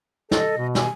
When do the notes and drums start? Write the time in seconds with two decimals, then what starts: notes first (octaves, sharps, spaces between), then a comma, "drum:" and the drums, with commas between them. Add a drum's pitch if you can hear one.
0.31 A4 D#5, drum: snare
0.57 B2
0.75 G#5, drum: snare